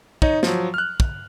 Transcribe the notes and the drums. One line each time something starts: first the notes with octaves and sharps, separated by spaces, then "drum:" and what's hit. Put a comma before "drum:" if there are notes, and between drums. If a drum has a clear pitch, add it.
D#4 C#5 D#5, drum: kick
F3 F#3, drum: snare
F6 F#6
drum: kick